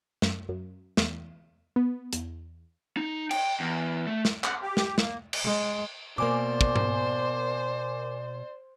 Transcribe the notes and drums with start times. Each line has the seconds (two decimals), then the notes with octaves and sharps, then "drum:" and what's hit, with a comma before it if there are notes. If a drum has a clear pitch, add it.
0.22 F#2, drum: snare
0.49 F#2
0.97 E2, drum: snare
1.76 B3
2.13 E2, drum: hi-hat
2.97 D#4
3.31 G5, drum: cymbal
3.60 E2
4.07 A3
4.25 drum: snare
4.44 F#5, drum: clap
4.62 G4
4.77 drum: snare
4.98 A#3, drum: snare
5.33 drum: cymbal
5.44 G#3
6.18 B2 A#3 A#4 C5 D5 G#5 D6
6.61 drum: kick
6.76 drum: tom G#2